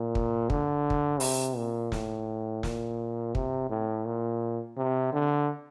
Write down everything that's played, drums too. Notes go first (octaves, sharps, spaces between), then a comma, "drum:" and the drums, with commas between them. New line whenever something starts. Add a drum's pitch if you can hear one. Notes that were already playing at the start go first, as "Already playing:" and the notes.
Already playing: A#2
drum: kick
D3, drum: kick
drum: kick
C3, drum: open hi-hat
A#2
A2, drum: snare
A#2, drum: snare
C3, drum: kick
A2
A#2
C3
D3